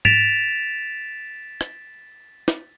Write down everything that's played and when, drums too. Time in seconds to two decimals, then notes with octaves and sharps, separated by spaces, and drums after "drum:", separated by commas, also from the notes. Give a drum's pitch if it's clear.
0.05 A6 B6 D7 E7 F7, drum: tom G#2
1.61 drum: rim click
2.48 drum: snare